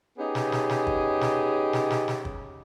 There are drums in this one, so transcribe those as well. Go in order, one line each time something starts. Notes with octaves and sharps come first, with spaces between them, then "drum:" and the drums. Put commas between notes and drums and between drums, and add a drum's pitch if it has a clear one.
B3 C#4 D#4 G4 G#4
drum: snare
drum: snare
drum: snare
drum: kick
drum: snare
drum: snare
drum: snare
drum: snare
drum: kick